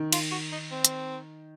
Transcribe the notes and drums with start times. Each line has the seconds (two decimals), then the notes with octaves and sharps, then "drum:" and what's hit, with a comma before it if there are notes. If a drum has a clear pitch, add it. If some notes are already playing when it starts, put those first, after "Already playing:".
Already playing: D#3
0.13 F4, drum: cymbal
0.32 F#4
0.52 D#4
0.71 C4
0.85 drum: hi-hat